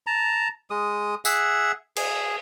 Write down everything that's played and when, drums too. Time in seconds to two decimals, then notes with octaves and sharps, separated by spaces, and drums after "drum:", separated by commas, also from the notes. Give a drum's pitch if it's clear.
0.07 A5 A#5
0.70 G#3 D#6
1.25 G#4 E5 F#5, drum: tambourine
1.96 G#4, drum: cymbal